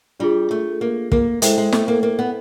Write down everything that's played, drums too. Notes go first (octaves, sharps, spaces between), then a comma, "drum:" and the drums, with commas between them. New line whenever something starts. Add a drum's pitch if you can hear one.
G3 D4 F4 G#4
A3
A#3
A#3, drum: kick
G#3 E4 A4 C5 E5 G5, drum: hi-hat
G#3
A3, drum: snare
A#3
A#3
B3